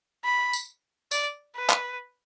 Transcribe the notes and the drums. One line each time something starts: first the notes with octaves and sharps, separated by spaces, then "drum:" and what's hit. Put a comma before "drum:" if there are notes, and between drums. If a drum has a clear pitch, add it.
B5
drum: tambourine
D5, drum: tambourine
B4
drum: clap